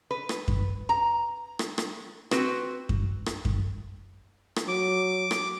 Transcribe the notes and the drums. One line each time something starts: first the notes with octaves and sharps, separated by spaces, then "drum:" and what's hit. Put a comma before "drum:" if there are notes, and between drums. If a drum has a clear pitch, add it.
B4
drum: rim click
drum: kick F#2
A#5
drum: rim click
drum: rim click
C4 F#4 B4, drum: rim click
drum: kick F#2
drum: rim click
drum: kick F#2
drum: rim click
F#3 D6
drum: rim click